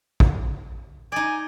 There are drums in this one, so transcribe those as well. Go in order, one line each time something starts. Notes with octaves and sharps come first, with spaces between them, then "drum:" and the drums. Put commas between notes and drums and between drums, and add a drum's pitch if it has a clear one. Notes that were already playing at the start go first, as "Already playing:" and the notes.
drum: kick
D#4 D5 G#5